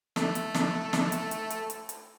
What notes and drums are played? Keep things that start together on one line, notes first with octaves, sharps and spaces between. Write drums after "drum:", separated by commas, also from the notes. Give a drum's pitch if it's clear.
A3 A4, drum: snare
drum: hi-hat
drum: snare
drum: snare
drum: hi-hat
drum: hi-hat
drum: hi-hat
drum: hi-hat
drum: hi-hat